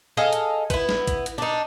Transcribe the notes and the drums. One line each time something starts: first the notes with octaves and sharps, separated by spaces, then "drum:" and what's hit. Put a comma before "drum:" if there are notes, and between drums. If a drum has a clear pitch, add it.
G#4 A4 D#5 F5
drum: hi-hat
B3 E4, drum: kick A1, hi-hat
drum: snare
drum: kick A1, hi-hat
drum: hi-hat
D4 D#4